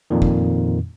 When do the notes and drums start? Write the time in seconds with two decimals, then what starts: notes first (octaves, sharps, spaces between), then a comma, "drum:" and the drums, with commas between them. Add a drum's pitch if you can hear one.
0.10 F2 A#2 D#3
0.22 drum: kick